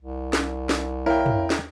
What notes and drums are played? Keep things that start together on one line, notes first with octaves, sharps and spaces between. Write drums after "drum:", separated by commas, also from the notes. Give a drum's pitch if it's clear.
C2
drum: snare
drum: snare
E4 A#4 C#5 F5 G5
drum: tom
drum: snare